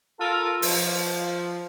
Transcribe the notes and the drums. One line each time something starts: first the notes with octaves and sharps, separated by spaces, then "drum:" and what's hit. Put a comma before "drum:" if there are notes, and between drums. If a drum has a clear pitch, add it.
F4 A4 A#4
F3, drum: open hi-hat